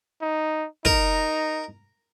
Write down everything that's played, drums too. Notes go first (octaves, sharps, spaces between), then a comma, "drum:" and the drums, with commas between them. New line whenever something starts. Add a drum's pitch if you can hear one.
D#4
D#4 A#4, drum: kick